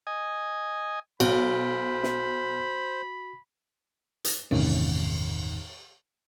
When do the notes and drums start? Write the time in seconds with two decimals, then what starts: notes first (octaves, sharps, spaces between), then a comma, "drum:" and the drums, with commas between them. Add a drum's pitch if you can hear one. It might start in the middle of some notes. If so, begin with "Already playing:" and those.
0.07 D#5 G#5
1.20 B1 F#4 C5 B5, drum: cymbal
2.03 drum: snare
4.24 drum: hi-hat
4.51 G1 E2 A2 C3 D#3 C#4, drum: cymbal